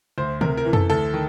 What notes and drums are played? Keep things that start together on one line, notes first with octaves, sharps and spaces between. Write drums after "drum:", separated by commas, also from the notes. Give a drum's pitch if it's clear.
D2 C5
C3 A#4, drum: tom C#3
A#4
E3
A4, drum: tom F2
D2 A4
D#3